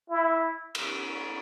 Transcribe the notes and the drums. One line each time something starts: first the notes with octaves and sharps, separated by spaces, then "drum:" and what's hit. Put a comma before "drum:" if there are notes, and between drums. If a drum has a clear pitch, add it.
E4
drum: cymbal